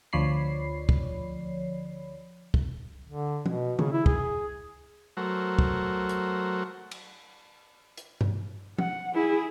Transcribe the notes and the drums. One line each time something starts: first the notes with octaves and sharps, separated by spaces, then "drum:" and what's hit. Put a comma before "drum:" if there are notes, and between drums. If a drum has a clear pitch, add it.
D2 F3 C#5 D5 B5 C7
drum: kick
drum: kick
D3
B2, drum: tom F3
C#3, drum: tom
E4
G#4, drum: kick
F#3 A3 F#4 A#4 C5
drum: kick
drum: hi-hat
drum: cymbal
drum: hi-hat
drum: tom G2
F#5, drum: tom F3
E4 G#4